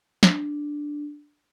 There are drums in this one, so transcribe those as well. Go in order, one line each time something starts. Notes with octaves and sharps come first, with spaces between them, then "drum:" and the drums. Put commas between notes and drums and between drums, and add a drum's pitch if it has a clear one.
D4, drum: snare